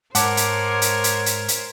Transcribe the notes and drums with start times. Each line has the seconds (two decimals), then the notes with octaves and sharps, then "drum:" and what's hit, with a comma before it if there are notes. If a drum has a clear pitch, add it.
0.15 G#2 G#3 A#4 C5 C#5 F#5 A5 D6, drum: hi-hat
0.37 drum: hi-hat
0.82 drum: hi-hat
1.04 drum: hi-hat
1.26 drum: hi-hat
1.48 drum: hi-hat